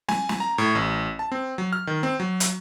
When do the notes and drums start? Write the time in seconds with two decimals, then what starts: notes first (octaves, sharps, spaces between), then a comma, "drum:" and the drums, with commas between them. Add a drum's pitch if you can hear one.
0.09 G#5, drum: snare
0.29 drum: snare
0.40 A#5
0.58 A2
0.75 A1
1.19 A5
1.32 C4
1.58 F#3
1.73 F6
1.87 D#3
2.03 C4
2.20 F#3
2.40 drum: hi-hat